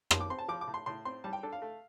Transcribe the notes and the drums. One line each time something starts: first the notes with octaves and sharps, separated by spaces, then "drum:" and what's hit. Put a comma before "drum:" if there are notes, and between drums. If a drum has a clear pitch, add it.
F3 C6, drum: rim click
D6
C4 C6
A5
F3 D6
D6
A2
C6
A2 C6
C4 C6
G3 A5
G5
D4 A4
F5
A3